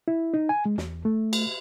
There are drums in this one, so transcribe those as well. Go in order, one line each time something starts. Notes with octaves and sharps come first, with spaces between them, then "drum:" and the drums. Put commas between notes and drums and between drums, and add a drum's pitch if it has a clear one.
E4
D#4
G#5
G#3
E2, drum: snare
A3
drum: cymbal